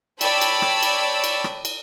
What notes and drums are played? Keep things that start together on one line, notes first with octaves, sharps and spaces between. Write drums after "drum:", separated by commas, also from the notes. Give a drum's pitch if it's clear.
C#5 D5 G5 A5 B5 E6, drum: cymbal
drum: cymbal
drum: rim click
drum: cymbal
drum: cymbal
drum: rim click
drum: cymbal